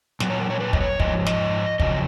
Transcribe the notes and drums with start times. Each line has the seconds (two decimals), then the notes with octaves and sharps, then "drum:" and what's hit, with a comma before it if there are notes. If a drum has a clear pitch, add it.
0.20 A#2 F#3, drum: snare
0.30 C#5
0.40 A#4
0.50 C#5
0.60 B4
0.73 D#5, drum: kick
0.81 C#5
1.00 G#2 F3 D#5, drum: kick
1.26 D#5, drum: snare
1.80 F2 C#3 F#3 D#5, drum: kick